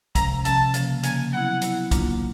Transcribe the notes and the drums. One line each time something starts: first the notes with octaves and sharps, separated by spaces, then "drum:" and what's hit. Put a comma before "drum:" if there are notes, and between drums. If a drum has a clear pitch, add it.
C3 F3 G#3 C#4 A#5, drum: kick, hi-hat
C3 F3 G#3 C#4 A5, drum: hi-hat
C#3 F3 A#3 C#4, drum: hi-hat
C#3 F3 A#3 C#4 G#5, drum: hi-hat
F#3 B3 E4 F#5
F#3 B3 E4, drum: hi-hat
C#3 F#3 A#3 D4 F4, drum: kick, hi-hat